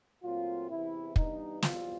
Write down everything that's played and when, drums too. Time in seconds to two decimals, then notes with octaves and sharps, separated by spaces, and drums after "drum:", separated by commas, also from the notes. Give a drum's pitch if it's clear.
0.23 A#2 F#3 A3 C4 F4
0.69 E2 C3 E3 E4
1.16 G2 E3 G3 B3 D#4, drum: kick
1.62 E2 B2 G3 C4 F4, drum: snare